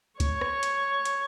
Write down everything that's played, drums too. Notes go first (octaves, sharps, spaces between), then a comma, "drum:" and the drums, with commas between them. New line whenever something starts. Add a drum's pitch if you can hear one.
C#5, drum: kick C#2, hi-hat
drum: rim click
drum: hi-hat
drum: hi-hat